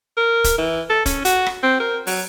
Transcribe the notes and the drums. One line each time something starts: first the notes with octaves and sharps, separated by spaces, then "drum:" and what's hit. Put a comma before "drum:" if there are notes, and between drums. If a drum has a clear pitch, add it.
A#4
drum: kick, hi-hat
E3
A4
C#4, drum: kick, hi-hat
F#4, drum: hi-hat
drum: rim click
C4
A#4
F#3, drum: open hi-hat